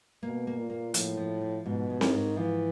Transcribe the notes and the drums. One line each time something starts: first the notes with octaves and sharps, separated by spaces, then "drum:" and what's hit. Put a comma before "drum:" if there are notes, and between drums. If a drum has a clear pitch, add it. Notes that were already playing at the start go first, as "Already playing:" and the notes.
B2 A#3
A#3
A#2
A#3
A2 F3, drum: hi-hat
F3
F3
G#2 B2
G#2
D#3, drum: snare C4
G#2
E3 F3